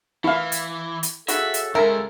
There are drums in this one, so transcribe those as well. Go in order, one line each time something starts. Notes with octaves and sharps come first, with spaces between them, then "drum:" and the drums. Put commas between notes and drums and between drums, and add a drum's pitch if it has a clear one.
E3 E4 F5
drum: hi-hat
drum: hi-hat
C#3 F#4 A4 E5, drum: hi-hat
drum: hi-hat
C#2 G#3 A#4 E5